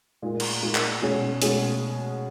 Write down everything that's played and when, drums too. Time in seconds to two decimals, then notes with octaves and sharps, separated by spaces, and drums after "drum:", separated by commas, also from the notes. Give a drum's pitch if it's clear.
0.22 A#2 G#3 D#4 A#4
0.40 drum: cymbal
0.62 A#2 G#3 D#4 A#4
0.75 drum: clap
1.02 B2 G#3 C#4 G#4
1.42 B2 G#3 C#4 G#4, drum: hi-hat